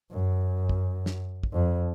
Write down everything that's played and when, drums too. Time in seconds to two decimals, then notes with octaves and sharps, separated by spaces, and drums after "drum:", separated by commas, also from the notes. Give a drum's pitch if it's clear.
0.11 F#2
0.69 drum: kick
1.06 drum: snare
1.43 drum: kick
1.53 F2